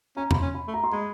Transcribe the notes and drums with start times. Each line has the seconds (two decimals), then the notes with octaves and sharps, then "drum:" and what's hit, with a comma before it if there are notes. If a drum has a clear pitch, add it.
0.16 C#4 A#5
0.31 B5, drum: tom E2
0.35 C6
0.42 C#4
0.55 B5
0.68 A3
0.74 A#5
0.84 C6
0.92 G#3 B5